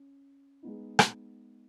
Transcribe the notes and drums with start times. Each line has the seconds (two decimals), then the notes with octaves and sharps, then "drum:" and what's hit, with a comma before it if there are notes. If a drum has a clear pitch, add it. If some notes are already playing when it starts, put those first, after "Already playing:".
Already playing: C#4
0.62 G#3 B3 D#4
0.99 drum: rim click